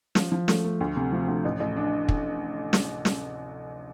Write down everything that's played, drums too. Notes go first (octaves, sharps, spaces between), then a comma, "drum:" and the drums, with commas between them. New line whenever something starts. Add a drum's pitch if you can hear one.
F3, drum: snare
F3
A3, drum: snare
A3
D2
C3
F3
D2
A1
A1
D4
drum: kick
drum: snare
drum: snare